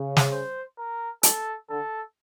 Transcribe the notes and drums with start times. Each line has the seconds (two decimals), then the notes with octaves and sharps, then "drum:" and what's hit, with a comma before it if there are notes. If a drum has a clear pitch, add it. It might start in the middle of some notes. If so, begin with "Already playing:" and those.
Already playing: C#3
0.17 drum: snare
0.32 C5
0.78 A#4
1.23 A4, drum: hi-hat
1.69 D3 A4